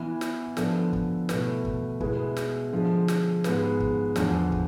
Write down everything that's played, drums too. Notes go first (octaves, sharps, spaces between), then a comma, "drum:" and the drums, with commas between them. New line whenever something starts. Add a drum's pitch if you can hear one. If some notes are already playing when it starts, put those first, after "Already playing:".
Already playing: E3 B3 E4
drum: snare
D3 F3 B3 D4 A4, drum: snare
drum: kick
B2 A3 E4 B4, drum: snare
drum: kick
B2 G#3 B3 E4, drum: kick
drum: snare
D3 F3 G#3
drum: snare
G#2 G#3 B3 F4 B4, drum: snare
drum: kick
E2 D3 F3, drum: snare
drum: kick